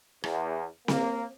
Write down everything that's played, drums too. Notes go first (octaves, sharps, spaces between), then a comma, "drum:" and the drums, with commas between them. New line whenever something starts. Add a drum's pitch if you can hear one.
E2, drum: rim click
A#3, drum: snare C4